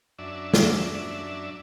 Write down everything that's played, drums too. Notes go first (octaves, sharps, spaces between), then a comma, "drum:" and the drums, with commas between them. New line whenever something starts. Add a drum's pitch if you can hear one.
F#2 D4 E5
drum: snare